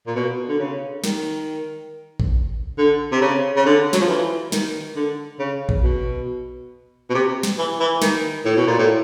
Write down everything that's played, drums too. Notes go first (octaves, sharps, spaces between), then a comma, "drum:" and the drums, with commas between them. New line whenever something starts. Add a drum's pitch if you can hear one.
A#2
B2
D3
C#3
D#3, drum: snare
drum: kick A1
D3
C3
C#3
C#3
D3
F#3, drum: snare
F3
E3
D#3, drum: snare
D3
C#3
drum: kick A1
B2
B2
C3
drum: snare
E3
E3
D#3, drum: snare
A2
B2
A#2
A2